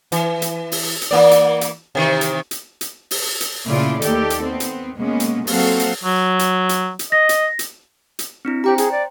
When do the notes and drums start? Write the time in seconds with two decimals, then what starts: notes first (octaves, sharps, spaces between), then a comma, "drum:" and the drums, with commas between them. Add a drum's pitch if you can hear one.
0.12 E3, drum: hi-hat
0.42 drum: hi-hat
0.72 drum: open hi-hat
1.02 drum: hi-hat
1.11 E3 A#3 D5
1.31 drum: hi-hat
1.61 drum: hi-hat
1.95 C3 D#3 E3
2.21 drum: hi-hat
2.51 drum: hi-hat
2.81 drum: hi-hat
3.11 drum: open hi-hat
3.41 drum: hi-hat
3.66 A#2 C#3 A3 E4 F4 D5
4.02 D#2 D#3 G4 A4 D5, drum: hi-hat
4.30 drum: hi-hat
4.42 B3 C4
4.60 drum: hi-hat
4.96 B2 G#3 A#3 B3 C#4
5.20 drum: hi-hat
5.47 F#3 A#3 C4 F#4 A4 F5, drum: open hi-hat
5.80 drum: hi-hat
6.03 F#3
6.39 drum: hi-hat
6.69 drum: hi-hat
6.99 drum: hi-hat
7.12 D#5 A#6
7.29 drum: hi-hat
7.59 drum: hi-hat
8.19 drum: hi-hat
8.45 C4 D4 E4
8.64 G4 C5 G5 A#5
8.78 G#4, drum: hi-hat
8.92 D5